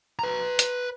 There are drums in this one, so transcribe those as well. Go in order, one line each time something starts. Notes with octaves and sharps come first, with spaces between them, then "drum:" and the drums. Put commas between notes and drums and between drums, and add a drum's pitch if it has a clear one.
B4 A#5
drum: hi-hat